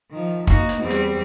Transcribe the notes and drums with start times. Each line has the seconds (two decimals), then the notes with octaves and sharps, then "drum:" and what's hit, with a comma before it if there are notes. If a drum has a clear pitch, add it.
0.11 D#3 F3
0.47 A#3 D#4 F#4, drum: kick
0.69 drum: hi-hat
0.81 E2 G3 C4
0.90 drum: hi-hat